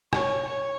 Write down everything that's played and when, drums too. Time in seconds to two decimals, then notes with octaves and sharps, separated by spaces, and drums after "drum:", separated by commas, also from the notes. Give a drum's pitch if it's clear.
0.13 C#5, drum: rim click
0.47 C#5